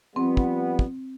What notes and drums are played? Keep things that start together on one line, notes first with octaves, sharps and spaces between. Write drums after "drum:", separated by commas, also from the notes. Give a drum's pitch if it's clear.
F3 G3 B3 C4
drum: kick
drum: kick